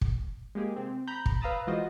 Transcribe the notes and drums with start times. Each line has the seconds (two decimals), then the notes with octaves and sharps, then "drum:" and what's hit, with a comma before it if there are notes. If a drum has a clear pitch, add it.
0.01 drum: kick
0.55 G#3 A#3 G4 G#4
0.77 C3 C4
1.07 A#5 B5 G6
1.26 drum: kick
1.41 B4 F5 A#5 D#6 E6 A6
1.67 E3 G#3 F4 F#4 C5 D#5